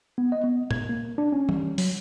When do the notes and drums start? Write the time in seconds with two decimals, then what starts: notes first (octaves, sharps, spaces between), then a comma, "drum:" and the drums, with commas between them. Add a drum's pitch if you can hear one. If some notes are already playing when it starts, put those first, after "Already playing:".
0.18 B3
0.32 D#5
0.44 B3
0.71 G#6, drum: tom A#2
0.89 A#3
1.18 D4
1.32 C#4
1.49 G3, drum: tom
1.78 F#3, drum: open hi-hat